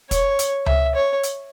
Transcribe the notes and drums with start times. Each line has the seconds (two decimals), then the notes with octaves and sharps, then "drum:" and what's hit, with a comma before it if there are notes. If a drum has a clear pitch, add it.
0.11 C#5, drum: kick, hi-hat
0.39 drum: hi-hat
0.66 E5, drum: tom C#2
0.95 C#5
1.23 drum: hi-hat